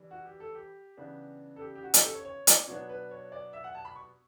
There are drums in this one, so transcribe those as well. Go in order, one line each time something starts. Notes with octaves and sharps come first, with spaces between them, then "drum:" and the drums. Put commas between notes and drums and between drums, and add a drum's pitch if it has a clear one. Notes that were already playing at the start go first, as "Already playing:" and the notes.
Already playing: E3 G3 D4
F#4
G4
A4
G4
C#3 E3 B3 D4
A4
G4
G4
F#4
G4, drum: hi-hat
A4
C#5
C#5
D5, drum: hi-hat
B2 F#3 B3 D4 C#5
B4
C#5
D5
E5
F#5
A5
B5
C#6